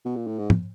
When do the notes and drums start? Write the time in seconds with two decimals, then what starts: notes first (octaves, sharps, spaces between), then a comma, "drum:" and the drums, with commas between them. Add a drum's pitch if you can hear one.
0.05 B2
0.16 A#2
0.27 A2
0.39 G#2
0.50 drum: tom